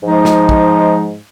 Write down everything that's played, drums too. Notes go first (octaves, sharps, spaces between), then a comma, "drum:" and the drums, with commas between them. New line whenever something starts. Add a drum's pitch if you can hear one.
G#2 F3 G#3 D#4
drum: snare
drum: kick